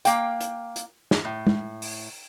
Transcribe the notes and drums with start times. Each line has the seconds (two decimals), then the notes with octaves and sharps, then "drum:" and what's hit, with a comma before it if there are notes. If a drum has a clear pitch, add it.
0.05 A#3 F5 G5, drum: hi-hat
0.40 drum: hi-hat
0.76 drum: hi-hat
1.11 drum: snare
1.25 A2
1.47 drum: tom G#3
1.82 drum: open hi-hat